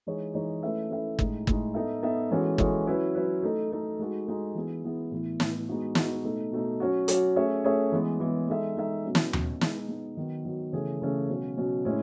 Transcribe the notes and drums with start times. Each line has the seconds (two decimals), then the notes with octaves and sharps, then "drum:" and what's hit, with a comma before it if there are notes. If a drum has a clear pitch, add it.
0.07 E3 G#3 D#4 G#4 C#5
0.34 E3 G#3 D#4 G#4 C#5
0.63 A3 C#4 E4 B4 E5
0.90 A3 C#4 E4 B4 E5
1.19 A2 G#3 D#4, drum: kick G1
1.47 A2 G#3 D#4, drum: kick G1
1.74 B3 D#4 A4 E5
2.03 B3 D#4 A4 E5
2.31 E3 G#3 C#4 F#4 A4
2.58 E3 G#3 C#4 F#4 A4, drum: kick G1
2.86 F#3 C#4 E4 B4
3.15 F#3 C#4 E4 B4
3.43 A3 D#4 A4
3.72 A3 D#4 A4
3.99 G#3 D#4 F#4 A4
4.27 G#3 D#4 F#4 A4
4.55 E3 B3 E4 G#4
4.84 E3 B3 E4 G#4
5.11 A2 E3 B3 E4
5.40 A2 E3 B3 E4, drum: snare
5.68 G#3 B3 D#4 F#4
5.95 G#3 B3 D#4 F#4, drum: snare
6.24 B2 A3 D#4
6.52 B2 A3 D#4
6.80 F#3 C#4 F#4
7.08 F#3 C#4 F#4, drum: hi-hat
7.36 A3 C#4 G#4 C#5 E5
7.64 A3 C#4 G#4 C#5 E5
7.92 E3 G#3 B3
8.20 E3 G#3 B3
8.48 G#3 D#4 A4 E5
8.77 G#3 D#4 A4 E5
9.05 B2 F#3 C#4
9.15 drum: snare
9.33 B2 F#3 C#4, drum: tom D#2
9.61 G#3 B3 D#4, drum: snare
9.88 G#3 B3 D#4
10.17 D#3 F#3 B3
10.45 D#3 F#3 B3
10.73 C#3 E3 A3 C#4 G#4
11.02 C#3 E3 A3 C#4 G#4
11.29 B2 F#3 C#4
11.57 B2 F#3 C#4
11.85 A2 G#3 C#4 E4